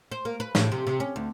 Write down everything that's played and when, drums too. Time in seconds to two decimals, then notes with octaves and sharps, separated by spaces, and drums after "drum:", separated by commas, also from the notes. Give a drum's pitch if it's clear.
0.11 C5
0.25 A#3
0.40 B4
0.55 A2, drum: snare
0.72 C3
0.87 C3
1.00 C#4
1.16 D2